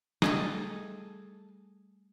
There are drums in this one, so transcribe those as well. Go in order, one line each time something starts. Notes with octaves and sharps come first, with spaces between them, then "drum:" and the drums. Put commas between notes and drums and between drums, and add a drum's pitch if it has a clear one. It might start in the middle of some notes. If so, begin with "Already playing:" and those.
G3 A3 G#4 A4 D#5 A5, drum: snare